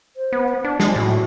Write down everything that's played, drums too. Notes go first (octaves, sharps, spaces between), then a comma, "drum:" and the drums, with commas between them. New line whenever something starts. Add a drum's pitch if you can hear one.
C5
B3
C5
D4
G#3, drum: snare
A2 F#4